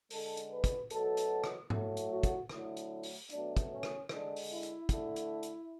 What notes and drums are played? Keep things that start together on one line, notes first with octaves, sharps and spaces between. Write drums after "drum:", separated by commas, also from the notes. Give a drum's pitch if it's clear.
D3 G#3 A4, drum: open hi-hat
drum: hi-hat
B4
drum: kick, hi-hat
B2 F#3 A3 A4, drum: hi-hat
drum: hi-hat
drum: rim click
A2 F#3 A3, drum: tom G#2
drum: hi-hat
F#4
drum: kick, hi-hat
D3 F#3 A3 E4, drum: rim click
drum: hi-hat
drum: open hi-hat
B2 F#3 A3 D4, drum: hi-hat
drum: kick, hi-hat
C#4
drum: rim click
D3 G#3 D4, drum: rim click
drum: open hi-hat
E4
drum: hi-hat
D3 A3, drum: kick, hi-hat
drum: hi-hat
drum: hi-hat